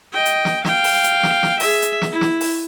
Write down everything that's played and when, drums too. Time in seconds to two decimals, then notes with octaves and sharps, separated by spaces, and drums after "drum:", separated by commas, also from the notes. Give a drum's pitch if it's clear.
0.13 D#5 G5
0.25 drum: hi-hat
0.45 drum: snare
0.65 F5 G5, drum: snare
0.84 drum: open hi-hat
1.04 drum: hi-hat
1.23 drum: snare
1.43 drum: snare
1.60 G#4 E5, drum: open hi-hat
1.82 drum: hi-hat
2.02 drum: snare
2.12 E4
2.21 drum: snare
2.41 drum: open hi-hat